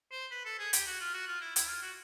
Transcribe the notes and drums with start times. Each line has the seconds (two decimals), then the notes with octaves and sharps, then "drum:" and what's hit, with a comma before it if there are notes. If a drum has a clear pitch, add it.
0.11 C5
0.31 B4
0.45 A4
0.59 G#4
0.73 G4, drum: hi-hat
0.87 F#4
1.00 F4
1.14 F#4
1.27 F4
1.41 E4
1.56 E4, drum: hi-hat
1.69 F4
1.82 F#4